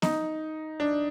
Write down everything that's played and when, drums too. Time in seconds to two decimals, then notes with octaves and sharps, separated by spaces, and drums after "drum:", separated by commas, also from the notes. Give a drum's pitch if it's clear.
0.02 D#4, drum: snare B3
0.80 D4